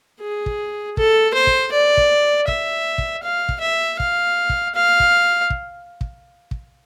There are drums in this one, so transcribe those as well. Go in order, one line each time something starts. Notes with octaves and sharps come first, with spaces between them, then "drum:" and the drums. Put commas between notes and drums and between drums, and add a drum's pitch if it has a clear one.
G#4
drum: kick
A4, drum: kick
C5
drum: kick
D5
drum: kick
E5, drum: kick
drum: kick
F5
drum: kick
E5
F5, drum: kick
drum: kick
F5
drum: kick
drum: kick
drum: kick
drum: kick